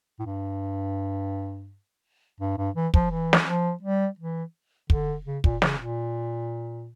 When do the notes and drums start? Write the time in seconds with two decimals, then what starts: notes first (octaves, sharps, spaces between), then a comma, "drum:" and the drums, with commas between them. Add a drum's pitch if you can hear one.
0.19 A2
0.26 G2
2.40 G2
2.57 G2
2.75 E3
2.94 F3, drum: kick
3.11 E3
3.33 drum: snare
3.47 F3
3.82 G3
4.19 E3
4.90 D3, drum: kick
5.26 C#3
5.44 A#2, drum: kick
5.62 C#3, drum: snare
5.79 A#2